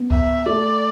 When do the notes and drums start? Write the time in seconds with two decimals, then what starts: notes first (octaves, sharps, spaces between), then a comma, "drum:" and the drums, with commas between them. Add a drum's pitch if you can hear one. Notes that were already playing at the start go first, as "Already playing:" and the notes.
Already playing: B3
0.11 E5, drum: kick C#2
0.46 A3 D5